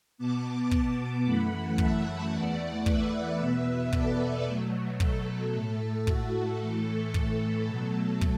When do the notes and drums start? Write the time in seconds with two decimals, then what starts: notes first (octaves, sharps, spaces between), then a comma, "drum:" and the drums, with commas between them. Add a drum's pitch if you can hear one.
0.18 B2 B3 A5 D6
0.71 A5 D6, drum: kick
1.25 F#2 E3 A3 F#5 B5
1.78 E5 A5, drum: kick
2.32 E2 E3 A3 D5 F#5
2.86 B4 E5, drum: kick
3.39 E2 B2 B3
3.92 A4 D5, drum: kick
4.47 B2 F#3 A3
5.00 A4, drum: kick
5.53 A2 A3 A4
6.07 F#4, drum: kick
6.61 A2 E3 A3 A4
7.14 drum: kick
7.68 B2 F#3 A3 A4
8.21 drum: kick